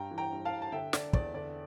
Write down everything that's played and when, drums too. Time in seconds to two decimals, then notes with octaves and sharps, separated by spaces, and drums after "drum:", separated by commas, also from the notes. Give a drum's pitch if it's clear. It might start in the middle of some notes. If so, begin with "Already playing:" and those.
Already playing: G2 G5 A#5
0.11 E3
0.18 G5 A#5
0.32 G2
0.45 F5 A5
0.52 G2
0.62 A5
0.72 D3 E5 G5
0.93 D3 D5, drum: snare
1.13 E2 D5, drum: kick
1.34 D3 D5